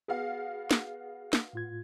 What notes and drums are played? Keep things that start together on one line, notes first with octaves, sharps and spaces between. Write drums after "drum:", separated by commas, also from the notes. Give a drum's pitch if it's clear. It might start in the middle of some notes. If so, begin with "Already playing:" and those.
B3 F#4 G#4 F5
drum: snare
drum: snare
A2 F4 G#6